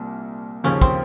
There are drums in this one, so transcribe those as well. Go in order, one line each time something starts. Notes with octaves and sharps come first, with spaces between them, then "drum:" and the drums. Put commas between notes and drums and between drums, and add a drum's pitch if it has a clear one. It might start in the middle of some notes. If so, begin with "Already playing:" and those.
Already playing: C2 A#2
D#2 C#3 F3 C#4
C4, drum: kick